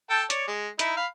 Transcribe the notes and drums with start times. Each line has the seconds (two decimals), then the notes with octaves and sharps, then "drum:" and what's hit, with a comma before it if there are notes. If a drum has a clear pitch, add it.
0.10 A4 G5 A5
0.30 C#5 D5, drum: hi-hat
0.48 G#3
0.79 D#4 E4, drum: hi-hat
0.97 F5 B5